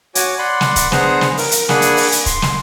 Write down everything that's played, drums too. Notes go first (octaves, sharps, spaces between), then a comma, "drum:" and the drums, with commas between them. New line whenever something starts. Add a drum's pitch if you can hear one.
F#4 C#5 G#5 D6, drum: hi-hat
D5 F#5 B5 C6
drum: snare
drum: kick, hi-hat
B3 D4 G#4 C5 F#5 A#5, drum: snare
drum: snare
A#4, drum: open hi-hat
drum: hi-hat
A#3 D4 G#4 F#5 G#5 B5, drum: snare
drum: hi-hat
drum: open hi-hat
drum: hi-hat
C6, drum: kick, hi-hat
drum: snare